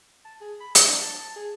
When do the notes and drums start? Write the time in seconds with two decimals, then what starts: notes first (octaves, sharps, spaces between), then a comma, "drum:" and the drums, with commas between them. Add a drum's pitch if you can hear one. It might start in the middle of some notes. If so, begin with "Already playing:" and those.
0.25 A5
0.41 G#4
0.60 B5
0.75 E4, drum: hi-hat
0.87 D4
1.01 A5
1.18 A5
1.36 G#4